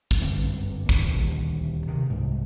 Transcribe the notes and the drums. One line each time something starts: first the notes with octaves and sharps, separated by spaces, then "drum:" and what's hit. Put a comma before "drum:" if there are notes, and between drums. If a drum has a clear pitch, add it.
drum: kick
G1 F#2 D3 C4
D#2 C#3, drum: kick
D#1 D2
C3 D#3
C2 G#2